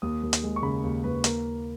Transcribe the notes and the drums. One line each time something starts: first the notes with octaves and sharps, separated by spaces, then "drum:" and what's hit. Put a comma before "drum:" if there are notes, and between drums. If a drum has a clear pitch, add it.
D#2 D#6
D#2
drum: hi-hat
G#3
C#6
C#3 B5
D#2
D#2 B4
A#3, drum: hi-hat